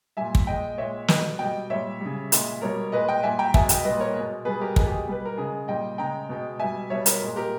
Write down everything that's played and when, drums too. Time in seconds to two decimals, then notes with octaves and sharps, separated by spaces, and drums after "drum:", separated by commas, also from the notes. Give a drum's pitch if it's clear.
0.17 A#2 G3 E5 G#5
0.35 drum: kick
0.47 A#2 G#3 D#5 G5
0.78 A#2 G#3 C#5 E5
1.08 B2 G3 B4 D#5, drum: snare
1.39 B2 D#5 G5
1.44 G3
1.70 A#2 G3 C#5 E5
2.00 G3
2.05 C#3
2.32 A#2 G#3, drum: hi-hat
2.61 B2 G3 A#4 C#5
2.92 A#2 G#3 B4 D#5
3.08 D#5 G5
3.23 A#2 G3 E5 G#5
3.39 G5 A#5
3.54 B2 G#3 E5 G#5, drum: kick
3.69 D#5 G5, drum: hi-hat
3.84 A#2 G3 B4 D#5
3.99 A#4 C#5
4.15 B2 G#3
4.45 B2 G3 G#4 B4
4.61 G4 A#4
4.76 B2 G#3 G#4, drum: kick
4.87 G4
4.92 G#4
5.07 B2 G3 B4
5.25 A#4
5.38 C#3 G#3 G#4
5.68 A#2 G3 D#5 G5
5.98 C#3 G#3 G5 A#5
6.29 B2 G#3
6.60 B2 G3 E5 G#5
6.90 B2 G3 C#5 E5
7.06 A#4 C#5, drum: hi-hat
7.22 A#2 G#3
7.36 G4 A#4